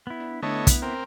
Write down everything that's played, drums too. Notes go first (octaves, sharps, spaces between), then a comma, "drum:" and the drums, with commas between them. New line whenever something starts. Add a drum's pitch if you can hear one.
B3 E4
D4
D3 A3 B3 D4 E4 A4 C#5 D#5
drum: kick, hi-hat
C4 A#4 C6